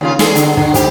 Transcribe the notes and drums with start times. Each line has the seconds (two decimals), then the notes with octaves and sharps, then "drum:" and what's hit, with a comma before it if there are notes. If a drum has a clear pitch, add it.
0.01 D#2 C#3 F4
0.19 E2 G#4 A4, drum: snare
0.35 D3, drum: hi-hat
0.57 D3, drum: kick
0.74 G#2 C3 G4, drum: kick, hi-hat